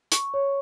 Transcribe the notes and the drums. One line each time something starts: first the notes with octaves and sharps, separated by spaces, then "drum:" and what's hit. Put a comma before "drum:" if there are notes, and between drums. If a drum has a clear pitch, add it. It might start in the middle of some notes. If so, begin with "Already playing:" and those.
C#6, drum: hi-hat
C#5